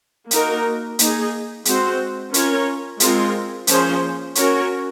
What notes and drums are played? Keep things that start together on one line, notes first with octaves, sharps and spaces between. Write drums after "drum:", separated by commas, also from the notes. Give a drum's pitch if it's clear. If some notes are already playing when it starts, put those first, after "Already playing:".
A#3 D#4 F#4 A#4, drum: hi-hat
A#3 D#4 G#4, drum: hi-hat
G#3 C4 F#4 C5, drum: hi-hat
C#4 F4 A#4 C#5, drum: hi-hat
G#3 C4 F4 A#4, drum: hi-hat
F3 A#3 C#4 G#4 C5, drum: hi-hat
C#4 F#4 A#4 C#5, drum: hi-hat